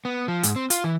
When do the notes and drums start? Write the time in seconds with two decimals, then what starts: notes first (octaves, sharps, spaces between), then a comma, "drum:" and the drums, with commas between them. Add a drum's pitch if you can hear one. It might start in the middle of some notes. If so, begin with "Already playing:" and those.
0.05 B3
0.28 F3
0.43 G#2, drum: hi-hat
0.56 C4
0.70 F4, drum: hi-hat
0.84 E3